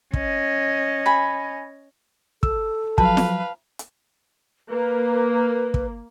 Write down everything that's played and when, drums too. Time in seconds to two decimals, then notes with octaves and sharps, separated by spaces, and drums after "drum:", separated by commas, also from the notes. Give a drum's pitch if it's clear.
0.14 C#4 D#5, drum: kick
1.06 G#5 B5
2.43 A4 E6, drum: kick
2.98 F3 F#3 B4 F5 A5, drum: kick
3.17 drum: snare
3.79 drum: hi-hat
4.70 A#3 B4
5.74 drum: kick